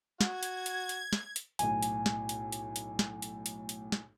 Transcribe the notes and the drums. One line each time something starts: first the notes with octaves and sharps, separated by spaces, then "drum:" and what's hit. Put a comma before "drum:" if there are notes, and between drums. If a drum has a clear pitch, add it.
F#4 G#6, drum: snare
drum: hi-hat
drum: hi-hat
drum: hi-hat
drum: snare
drum: hi-hat
B1 A2 G#5, drum: hi-hat
drum: hi-hat
drum: snare
drum: hi-hat
drum: hi-hat
drum: hi-hat
drum: snare
drum: hi-hat
drum: hi-hat
drum: hi-hat
drum: snare